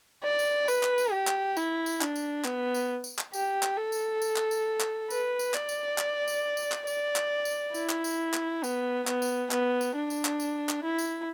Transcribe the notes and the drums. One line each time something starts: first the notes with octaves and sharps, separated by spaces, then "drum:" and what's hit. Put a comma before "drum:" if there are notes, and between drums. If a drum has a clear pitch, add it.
D5
drum: tambourine
B4, drum: tambourine
drum: clap
drum: tambourine
G4
drum: clap
E4, drum: tambourine
drum: tambourine
D4, drum: clap
drum: tambourine
B3, drum: clap
drum: tambourine
drum: tambourine
drum: clap
G4, drum: tambourine
drum: clap
A4
drum: tambourine
drum: tambourine
drum: clap
drum: tambourine
drum: clap
B4, drum: tambourine
drum: tambourine
D5, drum: clap
drum: tambourine
drum: clap
drum: tambourine
drum: tambourine
drum: clap
D5, drum: tambourine
drum: clap
drum: tambourine
E4, drum: tambourine
drum: clap
drum: tambourine
drum: clap
B3, drum: tambourine
B3, drum: clap
drum: tambourine
B3, drum: clap
drum: tambourine
D4
drum: tambourine
drum: clap
drum: tambourine
drum: clap
E4
drum: tambourine